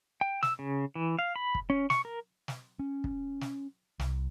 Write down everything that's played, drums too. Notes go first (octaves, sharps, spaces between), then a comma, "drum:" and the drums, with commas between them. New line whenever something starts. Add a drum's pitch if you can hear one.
G5
E6, drum: snare
C#3
E3
F5
B5
drum: kick
C#4
C#6, drum: snare
A#4
drum: snare
C#4
drum: kick
drum: snare
C2, drum: snare